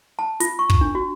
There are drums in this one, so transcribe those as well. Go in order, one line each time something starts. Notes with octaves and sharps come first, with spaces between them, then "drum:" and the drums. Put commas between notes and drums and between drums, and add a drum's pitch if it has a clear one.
A5
F4, drum: hi-hat
C#6
drum: kick
D4
F#4